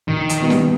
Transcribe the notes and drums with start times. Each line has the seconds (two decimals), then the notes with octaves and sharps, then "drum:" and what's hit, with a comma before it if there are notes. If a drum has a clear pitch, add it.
0.08 A#1 D#3
0.29 drum: hi-hat
0.40 A#2 G3 B3 D#4
0.50 drum: snare